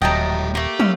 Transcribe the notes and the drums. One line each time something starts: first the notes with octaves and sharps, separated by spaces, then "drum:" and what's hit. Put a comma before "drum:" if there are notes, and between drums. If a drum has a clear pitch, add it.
D#1 A2 F#3 G3 D#5 G5 A5 A#5
A3 A#3 G4
C#4 E6, drum: tom